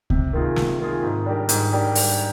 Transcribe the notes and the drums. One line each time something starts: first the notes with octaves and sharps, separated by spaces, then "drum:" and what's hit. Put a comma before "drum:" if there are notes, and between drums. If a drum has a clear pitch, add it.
C3, drum: kick C#2
D#3 A#3 F4 G#4
C3, drum: snare
D#3 A#3 F4 G#4
G#2
G3 D4 G4 A#4
G#2, drum: hi-hat
G3 D4 G4 A#4
drum: open hi-hat